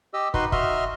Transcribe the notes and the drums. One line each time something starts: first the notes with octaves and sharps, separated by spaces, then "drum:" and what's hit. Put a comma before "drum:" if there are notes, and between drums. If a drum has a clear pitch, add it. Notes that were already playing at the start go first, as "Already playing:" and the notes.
G4 D#5 E6
D#4 F#4 B4 C6, drum: kick
F#4 D#5 E5 C6 F6, drum: kick